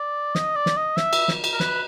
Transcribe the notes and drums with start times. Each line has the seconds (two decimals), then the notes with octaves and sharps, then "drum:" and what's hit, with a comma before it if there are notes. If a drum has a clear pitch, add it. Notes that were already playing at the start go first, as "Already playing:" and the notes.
Already playing: D5
0.35 D#5, drum: snare
0.56 D5
0.66 drum: snare
0.77 D#5
0.97 E5, drum: snare
1.13 drum: cymbal
1.28 drum: snare
1.44 drum: cymbal
1.53 A#4
1.60 B4, drum: snare